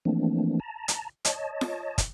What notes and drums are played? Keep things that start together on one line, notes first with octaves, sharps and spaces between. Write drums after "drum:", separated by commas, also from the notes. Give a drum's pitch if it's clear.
E3 F3 A3 A#3 C4 D4
A5 A#5
drum: hi-hat
C#5 D#5 A5, drum: hi-hat
drum: snare F4
drum: kick, hi-hat